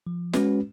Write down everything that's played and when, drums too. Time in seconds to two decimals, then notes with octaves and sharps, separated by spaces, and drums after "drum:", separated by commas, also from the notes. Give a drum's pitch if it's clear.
0.07 F3
0.33 G#3 C#4 F#4 B4, drum: snare